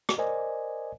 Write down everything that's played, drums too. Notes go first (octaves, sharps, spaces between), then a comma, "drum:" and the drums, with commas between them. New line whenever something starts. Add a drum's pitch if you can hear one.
drum: rim click
A#4 C5 D5 D#5 G#5